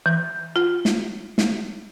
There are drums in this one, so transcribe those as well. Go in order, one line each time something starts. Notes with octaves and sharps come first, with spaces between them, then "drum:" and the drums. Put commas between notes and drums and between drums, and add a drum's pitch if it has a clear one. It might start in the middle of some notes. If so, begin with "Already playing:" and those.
E3
F4
drum: snare
drum: snare